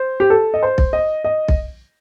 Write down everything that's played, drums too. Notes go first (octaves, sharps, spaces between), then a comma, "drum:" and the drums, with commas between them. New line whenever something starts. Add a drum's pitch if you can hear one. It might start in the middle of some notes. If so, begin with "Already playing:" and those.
Already playing: C5
G4
A4
D#5
C5
drum: kick B1
D#5
D#5
drum: kick B1